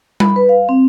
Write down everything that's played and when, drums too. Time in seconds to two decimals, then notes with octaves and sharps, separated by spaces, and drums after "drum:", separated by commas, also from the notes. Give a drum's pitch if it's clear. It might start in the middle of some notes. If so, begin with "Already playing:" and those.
0.20 B5, drum: tom G3
0.36 B4
0.49 F5
0.69 C4